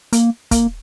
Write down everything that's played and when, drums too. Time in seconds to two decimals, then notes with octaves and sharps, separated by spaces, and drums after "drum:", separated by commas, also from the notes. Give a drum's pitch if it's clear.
0.13 A#3, drum: hi-hat
0.51 A#3, drum: kick, hi-hat